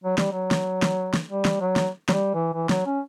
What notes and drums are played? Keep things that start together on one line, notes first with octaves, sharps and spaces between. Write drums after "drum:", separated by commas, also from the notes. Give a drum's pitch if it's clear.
F#3
G3, drum: snare
F#3
drum: snare
drum: snare
drum: snare
G3
drum: snare
F#3
drum: snare
F#3, drum: snare
G3
E3
E3
F#3, drum: snare
C#4